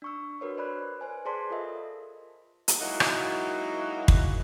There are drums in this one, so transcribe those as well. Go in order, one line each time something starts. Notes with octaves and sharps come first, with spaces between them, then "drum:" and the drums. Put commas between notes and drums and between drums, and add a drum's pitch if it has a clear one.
D4 C#6 E6
D4 F#4 A#4 B4 C#5
C5 D5 B5 F#6
B4 C5 G#5
G#4 C5 D5 A5 C6 B6
F4 A4 A#4 D#5 E5
drum: hi-hat
F#3 G#3 A#3 D#4 E4 F#4
drum: rim click
drum: kick